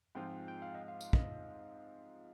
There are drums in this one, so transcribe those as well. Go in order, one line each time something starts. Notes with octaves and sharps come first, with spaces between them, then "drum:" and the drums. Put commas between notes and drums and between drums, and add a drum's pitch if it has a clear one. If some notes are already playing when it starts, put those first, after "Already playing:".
G#2 F3 G#3 C4 F4 G5
G5
F5
D#5
F5
drum: tambourine
D#5, drum: kick